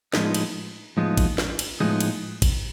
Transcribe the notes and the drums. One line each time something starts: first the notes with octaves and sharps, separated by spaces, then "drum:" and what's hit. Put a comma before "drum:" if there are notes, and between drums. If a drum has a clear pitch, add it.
A2 F3 G#3 B3 D#4, drum: snare
drum: cymbal
A2 F3 G#3 B3 D#4
drum: kick, cymbal
drum: snare
drum: cymbal
A2 F3 G#3 B3 D#4
drum: cymbal
drum: kick, cymbal